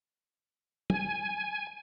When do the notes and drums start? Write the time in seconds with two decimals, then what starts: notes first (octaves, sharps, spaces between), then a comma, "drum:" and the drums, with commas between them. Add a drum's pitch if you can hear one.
0.90 G#5, drum: tom